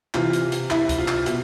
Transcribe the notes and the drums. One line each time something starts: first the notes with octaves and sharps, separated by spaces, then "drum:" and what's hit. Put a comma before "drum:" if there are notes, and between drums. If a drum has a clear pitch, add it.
C3 E3 F4, drum: clap
drum: hi-hat
drum: hi-hat
E4, drum: clap
drum: kick, hi-hat
F4
drum: clap
B2, drum: hi-hat